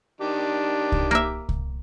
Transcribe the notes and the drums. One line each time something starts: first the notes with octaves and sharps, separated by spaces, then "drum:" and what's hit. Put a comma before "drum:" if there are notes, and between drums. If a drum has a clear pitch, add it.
D#3 D4 G4
drum: kick C2
A#3 E5
drum: kick C2